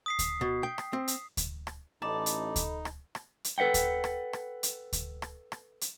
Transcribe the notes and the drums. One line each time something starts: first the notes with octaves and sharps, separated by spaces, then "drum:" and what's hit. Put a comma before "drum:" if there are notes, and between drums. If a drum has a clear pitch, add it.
D#6 B6 C7
drum: kick D2, hi-hat
B2
G5
drum: rim click
C4
drum: hi-hat
drum: kick D2, hi-hat
drum: rim click
A1 D#4 A4 D5 D#5 A5 B5
drum: hi-hat
drum: kick D2, hi-hat
drum: rim click
drum: rim click
drum: hi-hat
A4 B4 E5 F#5 G5
drum: kick D2, hi-hat
drum: rim click
drum: rim click
drum: hi-hat
drum: kick D2, hi-hat
drum: rim click
drum: rim click
drum: hi-hat